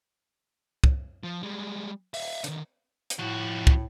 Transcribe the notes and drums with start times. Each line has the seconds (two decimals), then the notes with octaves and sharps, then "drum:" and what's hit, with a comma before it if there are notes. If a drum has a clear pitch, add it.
0.84 drum: kick
1.23 F3
1.42 G3 G#3
2.14 E5 F5, drum: open hi-hat
2.44 D3 D#3, drum: hi-hat
3.10 drum: hi-hat
3.19 F2 A2 F#4
3.67 drum: kick